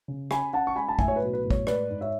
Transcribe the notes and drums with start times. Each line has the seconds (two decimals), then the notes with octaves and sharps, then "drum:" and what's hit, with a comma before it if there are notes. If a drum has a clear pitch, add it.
0.08 C#3
0.31 C#4 G#5 B5, drum: rim click
0.53 C#4 F#5 A5
0.67 C#6
0.76 G#3 G#5 B5
0.89 A5
0.99 A2 E5 G#5, drum: kick
1.08 C#5
1.16 B4
1.21 B1
1.33 B4
1.44 A2
1.51 C#5, drum: kick
1.67 G#3 B4 D5, drum: rim click
1.90 G#2
2.01 C#5 E5